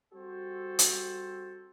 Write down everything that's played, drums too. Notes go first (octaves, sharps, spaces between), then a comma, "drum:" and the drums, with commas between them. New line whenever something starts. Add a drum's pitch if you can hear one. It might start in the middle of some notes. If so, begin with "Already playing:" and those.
G3 C4 F#4 A4 C5
drum: hi-hat